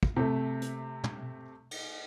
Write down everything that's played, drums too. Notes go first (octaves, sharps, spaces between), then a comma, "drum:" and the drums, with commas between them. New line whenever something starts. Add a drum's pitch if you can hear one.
drum: kick
C3 A3
drum: hi-hat
drum: tom
drum: cymbal